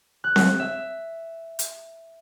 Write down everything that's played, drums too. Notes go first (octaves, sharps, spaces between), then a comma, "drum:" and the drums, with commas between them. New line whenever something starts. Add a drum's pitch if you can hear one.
F#6
drum: snare C4
E5
drum: hi-hat